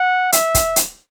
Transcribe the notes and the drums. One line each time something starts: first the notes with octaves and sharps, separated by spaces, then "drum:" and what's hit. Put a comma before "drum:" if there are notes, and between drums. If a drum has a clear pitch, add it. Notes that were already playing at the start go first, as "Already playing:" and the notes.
Already playing: F#5
E5, drum: hi-hat
drum: kick, hi-hat
drum: hi-hat